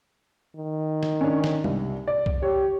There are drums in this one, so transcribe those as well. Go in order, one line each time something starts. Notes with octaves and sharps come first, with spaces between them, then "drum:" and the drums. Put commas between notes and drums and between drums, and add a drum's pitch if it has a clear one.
D#3
drum: snare D#3
C#4 D4
drum: snare D#3
C2, drum: tom
D5
drum: kick C2
G4 C#5